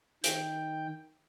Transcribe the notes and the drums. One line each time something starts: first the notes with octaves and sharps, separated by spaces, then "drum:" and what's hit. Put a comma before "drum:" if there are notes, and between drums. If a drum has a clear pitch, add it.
D#3 G5, drum: hi-hat